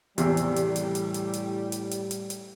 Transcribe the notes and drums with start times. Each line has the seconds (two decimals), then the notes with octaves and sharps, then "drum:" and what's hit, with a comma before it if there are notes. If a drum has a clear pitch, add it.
0.18 E2 A2 C3 G3, drum: hi-hat
0.37 drum: hi-hat
0.56 drum: hi-hat
0.76 drum: hi-hat
0.95 drum: hi-hat
1.14 drum: hi-hat
1.33 drum: hi-hat
1.72 drum: hi-hat
1.91 drum: hi-hat
2.11 drum: hi-hat
2.30 drum: hi-hat